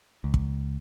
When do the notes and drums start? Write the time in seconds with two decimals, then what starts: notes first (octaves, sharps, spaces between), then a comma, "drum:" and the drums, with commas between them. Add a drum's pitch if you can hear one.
0.24 C#2
0.34 drum: kick